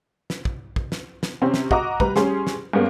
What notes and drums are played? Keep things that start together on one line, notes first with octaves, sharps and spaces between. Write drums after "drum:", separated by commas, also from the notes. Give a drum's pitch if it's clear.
drum: snare
drum: kick
drum: kick
drum: snare
drum: snare
C3 C4 C#4
drum: snare
F#4 D#5 A#5 D6, drum: kick
G3 B4 A#5, drum: kick
G3 C#4 G#4 C6, drum: snare
drum: snare
G2 G#3 A#3 B3 C#4